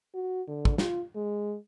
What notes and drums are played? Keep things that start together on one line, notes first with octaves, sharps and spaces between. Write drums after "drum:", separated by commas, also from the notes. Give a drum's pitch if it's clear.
F#4
D3
drum: kick
F4, drum: snare
G#3